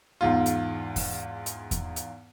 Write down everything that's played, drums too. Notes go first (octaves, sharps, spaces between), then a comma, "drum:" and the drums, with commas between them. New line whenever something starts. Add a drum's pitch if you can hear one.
E2 G#2 F4
drum: hi-hat
drum: kick E2, open hi-hat
drum: hi-hat
drum: kick E2, hi-hat
drum: hi-hat